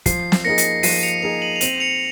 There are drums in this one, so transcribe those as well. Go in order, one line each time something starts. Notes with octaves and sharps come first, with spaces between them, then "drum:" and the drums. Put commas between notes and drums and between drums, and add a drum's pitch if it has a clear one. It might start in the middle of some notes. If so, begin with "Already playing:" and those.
F3 C7, drum: kick, hi-hat
drum: snare
A#3 D#4 G#4 A#6 C#7
drum: hi-hat
F3 C7 D#7, drum: open hi-hat
C#7 F7
A#3 D#4 G#4 C#7 F7
D#7 F#7
F7
C4 D#7 F#7, drum: hi-hat
C#7 F7